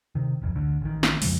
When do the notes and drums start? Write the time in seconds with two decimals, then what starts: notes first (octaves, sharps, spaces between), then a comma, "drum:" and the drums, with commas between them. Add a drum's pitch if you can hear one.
0.15 C3 D#3
0.42 D1 A1 F2
0.55 D2 D3
0.81 A1 D#3
1.03 drum: snare
1.22 F2 C#3 F3 G#3, drum: open hi-hat